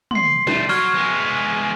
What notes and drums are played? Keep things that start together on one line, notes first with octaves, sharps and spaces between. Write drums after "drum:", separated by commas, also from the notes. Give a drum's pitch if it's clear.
C6 C7, drum: tom
G3 A3, drum: snare
F#3 C#6 F6 G#6, drum: open hi-hat
G#3 B3